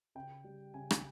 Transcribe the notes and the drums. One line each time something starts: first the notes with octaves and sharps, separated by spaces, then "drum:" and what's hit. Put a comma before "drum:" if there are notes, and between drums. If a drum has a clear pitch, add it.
C#3 G5
G3
C#3 G#5
drum: rim click